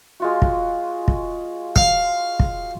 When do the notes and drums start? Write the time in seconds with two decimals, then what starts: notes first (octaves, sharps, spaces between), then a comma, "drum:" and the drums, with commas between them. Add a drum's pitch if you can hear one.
0.20 G#3 F4 F#4
0.42 drum: kick
1.08 drum: kick
1.76 F5, drum: kick
2.40 drum: kick